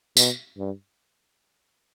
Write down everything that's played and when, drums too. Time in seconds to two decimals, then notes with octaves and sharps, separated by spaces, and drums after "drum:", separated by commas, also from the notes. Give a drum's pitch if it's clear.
0.17 B2, drum: tambourine
0.58 G2